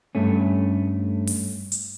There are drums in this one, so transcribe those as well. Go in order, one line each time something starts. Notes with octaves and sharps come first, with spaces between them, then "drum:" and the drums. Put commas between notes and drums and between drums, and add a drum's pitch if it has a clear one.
G2 A3 C#4
drum: open hi-hat
drum: hi-hat